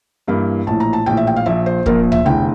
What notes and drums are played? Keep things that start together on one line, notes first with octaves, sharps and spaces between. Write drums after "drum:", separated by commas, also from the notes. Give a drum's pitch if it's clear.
G2 E3 A#3 E4
A#1 A2 E3 A5
A#5
A5
A#1 A2 E3 G5
E5
G5
F5
A#1 A#2 F3 E5
C5
A#1 A#2 F3 A#4, drum: kick
E5, drum: tom C#2
F1 E2 D3 G5